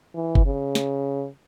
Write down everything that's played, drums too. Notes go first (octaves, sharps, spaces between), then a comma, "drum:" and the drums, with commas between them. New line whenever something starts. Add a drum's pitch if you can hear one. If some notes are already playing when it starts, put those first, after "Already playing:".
E3
drum: kick G1
C#3
drum: snare